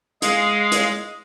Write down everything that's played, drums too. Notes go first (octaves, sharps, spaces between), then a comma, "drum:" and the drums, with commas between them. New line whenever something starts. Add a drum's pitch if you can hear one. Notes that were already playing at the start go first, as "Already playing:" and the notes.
G#3 G#4 F5, drum: hi-hat
drum: hi-hat